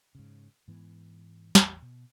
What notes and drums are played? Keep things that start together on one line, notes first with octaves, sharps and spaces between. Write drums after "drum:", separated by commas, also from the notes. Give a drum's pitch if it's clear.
G#2 C#3
G#2 E3 B3
A1 E2, drum: snare
B2